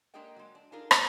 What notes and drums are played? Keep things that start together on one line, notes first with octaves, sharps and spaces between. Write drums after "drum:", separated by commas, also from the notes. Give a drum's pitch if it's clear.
G#3 A#3 D4 G4 D#5 G5
F#3 G#3
D4
D4 D#4 F4 G#4 A#4
G3 D4 F4 G4 G#4, drum: rim click